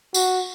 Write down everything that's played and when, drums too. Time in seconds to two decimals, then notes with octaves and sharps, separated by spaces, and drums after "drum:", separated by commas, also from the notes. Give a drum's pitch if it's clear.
0.14 F#4, drum: tambourine